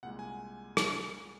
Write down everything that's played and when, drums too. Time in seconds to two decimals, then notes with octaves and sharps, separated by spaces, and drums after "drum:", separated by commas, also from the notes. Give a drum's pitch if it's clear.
0.03 C2 A#2 G#3 F#5
0.19 G#5
0.77 drum: rim click